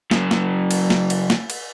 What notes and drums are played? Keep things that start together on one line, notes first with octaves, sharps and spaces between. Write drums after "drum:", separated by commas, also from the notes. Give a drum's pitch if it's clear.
C#3 F#3, drum: snare
drum: snare
drum: cymbal
drum: snare
drum: cymbal
drum: snare
drum: cymbal